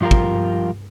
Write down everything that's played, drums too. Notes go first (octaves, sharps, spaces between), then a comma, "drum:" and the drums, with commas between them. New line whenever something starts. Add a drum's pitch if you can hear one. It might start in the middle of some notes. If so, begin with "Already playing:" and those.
G2 F3 F4 G4 A#4
drum: kick